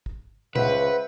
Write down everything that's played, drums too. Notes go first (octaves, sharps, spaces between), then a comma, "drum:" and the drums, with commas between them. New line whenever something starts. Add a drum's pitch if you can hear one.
drum: kick
C#2 B4 C5 E5 F#5, drum: tom A#2